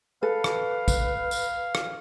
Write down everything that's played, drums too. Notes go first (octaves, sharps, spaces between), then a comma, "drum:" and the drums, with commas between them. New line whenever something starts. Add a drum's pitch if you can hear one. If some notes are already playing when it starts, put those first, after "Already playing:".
A4 B4 F5
drum: rim click
drum: kick, tambourine
drum: tambourine
drum: rim click